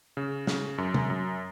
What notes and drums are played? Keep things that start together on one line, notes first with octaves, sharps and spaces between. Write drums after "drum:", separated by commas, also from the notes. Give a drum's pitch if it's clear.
C#3
C#3, drum: snare
F#2
drum: tom C3
F#2